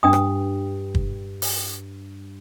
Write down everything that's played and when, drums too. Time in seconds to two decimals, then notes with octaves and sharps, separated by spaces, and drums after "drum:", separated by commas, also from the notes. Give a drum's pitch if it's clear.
0.03 G2 D4 G5 D#6
0.13 drum: rim click
0.95 drum: kick
1.42 drum: open hi-hat